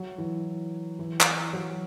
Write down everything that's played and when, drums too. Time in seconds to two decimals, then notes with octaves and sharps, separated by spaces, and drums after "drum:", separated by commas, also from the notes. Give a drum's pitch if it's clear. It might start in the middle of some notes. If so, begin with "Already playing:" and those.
Already playing: F#3
0.18 E3
0.99 E3
1.20 drum: clap
1.53 F#3